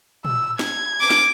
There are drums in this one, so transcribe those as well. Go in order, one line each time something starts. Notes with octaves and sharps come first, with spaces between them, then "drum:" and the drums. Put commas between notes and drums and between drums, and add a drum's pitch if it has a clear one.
E6, drum: tom
G#6, drum: snare
D6
drum: snare